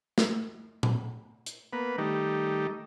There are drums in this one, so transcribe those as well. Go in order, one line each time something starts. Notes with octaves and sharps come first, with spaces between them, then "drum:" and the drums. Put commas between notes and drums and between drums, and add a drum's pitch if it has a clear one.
drum: snare
drum: tom A#2
drum: hi-hat
A#3 B3 B4
D#3 G3 A3 D#4 G4